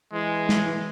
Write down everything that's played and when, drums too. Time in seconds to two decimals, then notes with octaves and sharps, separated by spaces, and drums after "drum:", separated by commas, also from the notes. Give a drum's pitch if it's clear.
0.13 E3 G#3
0.49 drum: snare